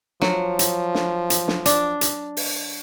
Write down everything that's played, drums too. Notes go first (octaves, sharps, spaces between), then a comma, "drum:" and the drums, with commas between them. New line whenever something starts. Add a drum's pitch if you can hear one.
F3 F#3, drum: snare
drum: hi-hat
drum: snare
drum: hi-hat
drum: snare
D4, drum: hi-hat
drum: hi-hat
drum: open hi-hat